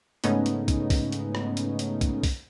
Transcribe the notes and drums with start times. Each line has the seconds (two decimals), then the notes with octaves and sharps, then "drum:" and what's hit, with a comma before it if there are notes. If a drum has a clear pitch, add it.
0.24 G#2 C#3 A3 B3 C#4 D#4, drum: hi-hat
0.46 drum: hi-hat
0.68 drum: kick, hi-hat
0.90 drum: kick, open hi-hat
1.12 drum: hi-hat
1.35 drum: rim click
1.57 drum: hi-hat
1.79 drum: hi-hat
2.01 drum: kick, hi-hat
2.23 drum: kick, open hi-hat